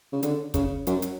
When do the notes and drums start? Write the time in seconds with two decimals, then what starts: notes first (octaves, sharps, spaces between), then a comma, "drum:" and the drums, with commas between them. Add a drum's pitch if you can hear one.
0.12 C#3
0.23 D3, drum: hi-hat
0.54 C#3, drum: kick, hi-hat
0.87 F#2, drum: hi-hat
1.02 drum: hi-hat